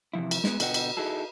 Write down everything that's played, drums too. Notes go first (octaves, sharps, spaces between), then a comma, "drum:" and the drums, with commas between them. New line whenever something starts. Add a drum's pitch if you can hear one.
C3 E3 F3 E4
drum: cymbal
G#3 B3, drum: snare
B2 D3 B4 D#5 F#5 G5, drum: cymbal
drum: cymbal
D#4 E4 F#4 G#4 A4